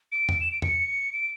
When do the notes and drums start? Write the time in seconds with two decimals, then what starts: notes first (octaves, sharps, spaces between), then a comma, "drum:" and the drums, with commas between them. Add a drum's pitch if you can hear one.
0.12 D7
0.29 drum: tom E2
0.40 E7
0.52 D7
0.62 C#7, drum: tom E2
1.13 D7